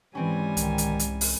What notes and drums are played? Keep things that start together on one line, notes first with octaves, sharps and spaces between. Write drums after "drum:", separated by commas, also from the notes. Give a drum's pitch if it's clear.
G#2 E3 G3 C4 C#4 G#5
C2 D#3, drum: hi-hat
drum: hi-hat
drum: hi-hat
drum: open hi-hat